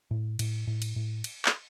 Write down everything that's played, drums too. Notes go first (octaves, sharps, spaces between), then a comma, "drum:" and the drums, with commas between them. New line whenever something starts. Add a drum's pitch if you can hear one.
A2
A2, drum: cymbal
A2
drum: cymbal
A2
drum: cymbal
drum: clap